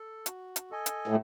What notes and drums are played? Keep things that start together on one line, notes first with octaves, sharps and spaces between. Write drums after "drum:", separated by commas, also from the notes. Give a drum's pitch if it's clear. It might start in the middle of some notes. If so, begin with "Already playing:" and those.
Already playing: A4
F#4, drum: hi-hat
drum: hi-hat
A4 D#5 G#5
drum: hi-hat
A2